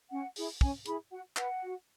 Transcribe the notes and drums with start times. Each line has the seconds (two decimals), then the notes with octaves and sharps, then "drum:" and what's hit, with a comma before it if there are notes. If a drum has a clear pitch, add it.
0.10 C#4 F#5
0.36 E4 G#4, drum: open hi-hat
0.61 C#4 G#5, drum: kick
0.86 E4 G#4 B5, drum: hi-hat
1.11 F#4 F#5
1.36 B4 F#5, drum: clap
1.63 F#4